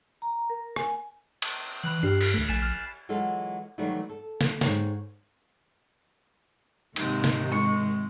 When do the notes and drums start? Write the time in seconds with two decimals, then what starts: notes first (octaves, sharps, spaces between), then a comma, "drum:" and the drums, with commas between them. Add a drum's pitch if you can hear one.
0.22 A#5
0.50 A#4
0.76 G#5, drum: rim click
1.42 drum: cymbal
1.83 E3 B5 F#6 F#7
2.03 G2 D4 G4 F6 C7
2.21 B6, drum: cymbal
2.34 D2 A3
2.49 A#1 G#5 A6 E7
2.62 F6
3.09 E3 F#3 G#3 F4 A4
3.78 D#3 E3 F#3 G3 A3
4.09 A4
4.41 drum: snare
4.61 G#2 C#5 G5, drum: snare
6.96 D#2 G#2 C3 D#3 G#3 D#4, drum: cymbal
7.24 drum: snare
7.52 G#3 C#6